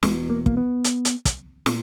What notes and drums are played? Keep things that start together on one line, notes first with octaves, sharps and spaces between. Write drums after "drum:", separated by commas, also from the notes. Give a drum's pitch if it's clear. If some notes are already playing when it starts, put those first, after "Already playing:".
E1 E2 B2 G#3, drum: snare
A#3
A#3, drum: kick
B3
drum: hi-hat
drum: hi-hat
drum: kick, hi-hat
A#2, drum: snare